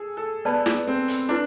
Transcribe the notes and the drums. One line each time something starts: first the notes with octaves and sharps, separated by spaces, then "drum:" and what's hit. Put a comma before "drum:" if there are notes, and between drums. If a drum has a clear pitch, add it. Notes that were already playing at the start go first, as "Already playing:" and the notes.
Already playing: G#4 A4
A4
B3 B4 D5 A5
drum: snare
C4
drum: hi-hat
D4 E4 B4